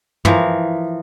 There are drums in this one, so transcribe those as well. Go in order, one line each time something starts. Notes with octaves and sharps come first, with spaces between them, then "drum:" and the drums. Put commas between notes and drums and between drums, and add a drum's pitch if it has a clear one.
E3 F3 A#4, drum: tom